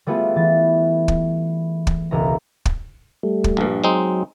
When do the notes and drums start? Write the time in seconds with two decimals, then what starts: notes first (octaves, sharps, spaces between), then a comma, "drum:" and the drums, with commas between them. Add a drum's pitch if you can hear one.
0.07 G3 A3 B3 F4 G#4
0.36 E3 A6
1.08 drum: kick
1.87 drum: kick
2.11 E1 C#2 G#3 A#5
2.66 drum: kick
3.23 G3 A3
3.44 drum: kick
3.57 A#1 G2
3.84 F#3 G#3 C4 D#4